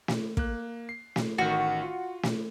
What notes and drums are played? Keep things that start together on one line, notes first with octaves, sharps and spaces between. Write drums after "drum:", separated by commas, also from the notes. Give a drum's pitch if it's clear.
drum: snare
A#3 F#6, drum: kick
C7
drum: snare
A1 D#3 F#4
F4
drum: snare